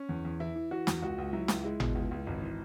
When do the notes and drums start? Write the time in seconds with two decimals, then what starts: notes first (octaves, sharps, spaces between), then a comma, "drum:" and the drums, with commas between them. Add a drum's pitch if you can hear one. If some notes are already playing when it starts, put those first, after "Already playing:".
Already playing: C#4
0.09 E2
0.25 E2
0.40 E3 E4
0.56 E3
0.71 E3 F#4
0.87 E2, drum: snare
1.02 C#2 F#4
1.18 C#2
1.33 F#3 E4
1.48 C#2, drum: snare
1.64 G#3 E4
1.80 B2, drum: tom G#1
1.95 C#2
2.11 C#2
2.27 G#1
2.42 E3